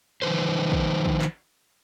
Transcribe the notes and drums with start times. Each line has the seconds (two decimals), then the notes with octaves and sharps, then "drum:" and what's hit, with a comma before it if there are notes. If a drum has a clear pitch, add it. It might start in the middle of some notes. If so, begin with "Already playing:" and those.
0.22 D#3 F3 B4 C5
0.72 drum: kick
1.05 drum: kick
1.22 drum: clap